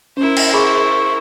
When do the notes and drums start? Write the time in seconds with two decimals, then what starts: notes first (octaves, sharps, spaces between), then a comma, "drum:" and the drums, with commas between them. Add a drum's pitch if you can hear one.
0.17 C#4 E4 A#4 C5
0.37 drum: cymbal
0.54 G#4 G#5 B5 C#6